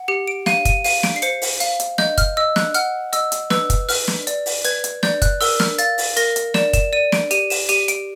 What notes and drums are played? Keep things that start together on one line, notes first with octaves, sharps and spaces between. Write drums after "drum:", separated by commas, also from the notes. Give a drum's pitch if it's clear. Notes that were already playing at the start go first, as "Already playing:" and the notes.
Already playing: F#5
G4 C#7
D7
F5 D#7, drum: snare
D#7, drum: kick, hi-hat
F5 D#7, drum: open hi-hat
D7, drum: snare
C7
C5 C#7, drum: hi-hat
drum: open hi-hat
F5, drum: hi-hat
drum: hi-hat
D#5 G6, drum: snare
F6, drum: kick, hi-hat
D#5 E6
F#6, drum: snare
F#5 F6, drum: hi-hat
D#5 E6, drum: hi-hat
drum: hi-hat
B4 E6, drum: snare
drum: kick, hi-hat
B4 F6, drum: open hi-hat
drum: snare
D5, drum: hi-hat
drum: open hi-hat
B4 G#6, drum: hi-hat
drum: hi-hat
D5 G6, drum: snare
F#6, drum: kick, hi-hat
A#4 E6, drum: open hi-hat
F6, drum: snare
F5 A6, drum: hi-hat
drum: open hi-hat
A#4 A#6, drum: hi-hat
drum: hi-hat
D5 E7, drum: snare
E7, drum: kick, hi-hat
D5 D#7
D7, drum: snare
G4 D#7, drum: hi-hat
E7, drum: open hi-hat
G4 D#7, drum: hi-hat
D7, drum: hi-hat